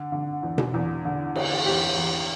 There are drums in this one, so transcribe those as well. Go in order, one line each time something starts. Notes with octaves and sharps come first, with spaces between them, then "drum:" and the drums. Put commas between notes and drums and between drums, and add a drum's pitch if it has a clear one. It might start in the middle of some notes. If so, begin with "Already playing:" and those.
Already playing: D3
D3
E2
drum: tom B2
E2
D3
D3, drum: cymbal
E2 G4
E2